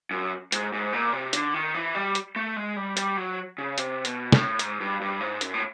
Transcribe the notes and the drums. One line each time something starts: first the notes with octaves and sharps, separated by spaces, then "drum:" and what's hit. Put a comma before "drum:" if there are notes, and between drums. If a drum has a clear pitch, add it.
F#2
G#2, drum: hi-hat
G#2
A#2
C3
D3, drum: hi-hat
D#3
E3
G3
drum: hi-hat
A3
G#3
G3
G3, drum: hi-hat
F#3
C#3
C3, drum: hi-hat
B2, drum: hi-hat
A2, drum: snare
G#2, drum: hi-hat
G2
G2
G#2
F#2, drum: hi-hat
A2